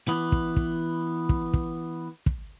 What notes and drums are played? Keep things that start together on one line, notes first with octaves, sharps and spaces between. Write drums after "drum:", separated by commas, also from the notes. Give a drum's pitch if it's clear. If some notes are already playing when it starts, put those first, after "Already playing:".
E3 B3
drum: kick
drum: kick
drum: kick
drum: kick
drum: kick